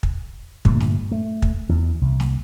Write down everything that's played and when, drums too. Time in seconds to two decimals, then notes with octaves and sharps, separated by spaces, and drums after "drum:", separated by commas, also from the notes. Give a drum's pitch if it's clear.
0.03 drum: kick
0.65 G2 A#2 D3 A3, drum: kick
0.80 drum: snare
1.12 A3
1.42 drum: kick
1.69 E2
2.01 C2
2.20 drum: snare